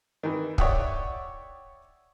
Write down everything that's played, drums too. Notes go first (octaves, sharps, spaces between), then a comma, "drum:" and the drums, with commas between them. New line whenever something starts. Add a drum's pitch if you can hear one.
D#3 E3
C#5 D5 E5 F#5 G5 D#6, drum: kick